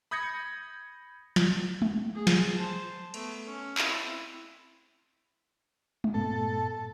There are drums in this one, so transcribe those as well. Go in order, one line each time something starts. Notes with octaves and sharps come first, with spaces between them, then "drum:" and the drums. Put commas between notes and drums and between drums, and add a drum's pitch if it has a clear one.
B5 D#6 G6 G#6 A#6 C#7
drum: snare
drum: tom G#3
G#4
drum: snare
C5 A5
A3 B3, drum: cymbal
C#4
C4 E4, drum: clap
drum: tom G#3
G2 A#2 B3 A4